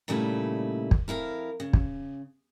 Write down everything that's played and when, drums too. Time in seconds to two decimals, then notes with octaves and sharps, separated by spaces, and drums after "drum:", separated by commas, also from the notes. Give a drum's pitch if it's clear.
0.08 A#2 C#3 G3 A3 D#4 E4
0.91 drum: kick
1.08 F2 E4 A#4 F5
1.60 C#3
1.73 drum: kick